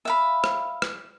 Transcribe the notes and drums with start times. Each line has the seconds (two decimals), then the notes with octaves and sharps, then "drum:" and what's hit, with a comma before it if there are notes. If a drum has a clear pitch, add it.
0.05 E5 F5 B5
0.44 drum: rim click
0.82 drum: rim click